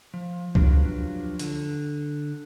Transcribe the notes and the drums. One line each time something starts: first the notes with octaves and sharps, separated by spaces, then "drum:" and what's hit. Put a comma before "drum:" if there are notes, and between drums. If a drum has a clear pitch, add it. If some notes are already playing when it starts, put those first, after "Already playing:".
F3
F3 F#3 D4 F4 G4 B4, drum: kick C#2
D3, drum: hi-hat